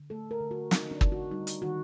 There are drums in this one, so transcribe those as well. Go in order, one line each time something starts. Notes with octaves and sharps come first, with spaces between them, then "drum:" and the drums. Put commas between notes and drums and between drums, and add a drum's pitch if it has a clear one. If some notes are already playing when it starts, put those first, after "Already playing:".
Already playing: D3
A3 A4
A#4
D3
F#4
C4 D#4, drum: snare
D4
D3, drum: kick
F#4
G3 D#4
drum: hi-hat
D#3 F#4